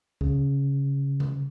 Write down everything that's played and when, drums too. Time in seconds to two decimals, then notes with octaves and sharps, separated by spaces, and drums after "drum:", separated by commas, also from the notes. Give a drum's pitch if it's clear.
0.21 C#3, drum: kick
1.20 drum: tom C3